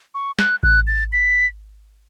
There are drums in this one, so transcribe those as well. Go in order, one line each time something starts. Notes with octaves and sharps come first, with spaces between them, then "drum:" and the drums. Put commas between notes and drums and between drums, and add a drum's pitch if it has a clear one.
C#6
F#6, drum: snare
F#6, drum: kick A1
A6
B6